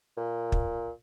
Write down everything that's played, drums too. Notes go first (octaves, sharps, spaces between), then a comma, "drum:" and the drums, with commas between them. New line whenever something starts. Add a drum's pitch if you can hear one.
A#2
drum: kick